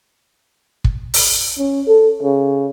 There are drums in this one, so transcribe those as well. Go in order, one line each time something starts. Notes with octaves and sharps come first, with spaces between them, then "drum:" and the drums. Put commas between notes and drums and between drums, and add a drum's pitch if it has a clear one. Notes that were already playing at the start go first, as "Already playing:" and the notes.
drum: kick
drum: open hi-hat
C#4
A4
C#3